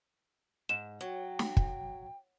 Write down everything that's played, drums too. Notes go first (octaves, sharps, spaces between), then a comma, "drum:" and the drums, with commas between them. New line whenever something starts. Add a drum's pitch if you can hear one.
G#2 E7
F#3 G5
drum: snare
drum: kick